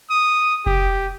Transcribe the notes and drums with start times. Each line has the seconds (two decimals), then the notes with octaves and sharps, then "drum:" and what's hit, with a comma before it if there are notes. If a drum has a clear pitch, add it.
0.10 D#6
0.66 G4, drum: kick F1